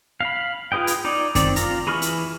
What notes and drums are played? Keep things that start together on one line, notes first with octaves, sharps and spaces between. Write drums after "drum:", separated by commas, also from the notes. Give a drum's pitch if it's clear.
F5 B5
F4 G#4 B4 D#5 G5
drum: hi-hat
D#4 D5
D#3 C4 D5, drum: kick F#2, hi-hat
F4 A#5, drum: hi-hat
E3 G#4 B5 C#6 F6
drum: hi-hat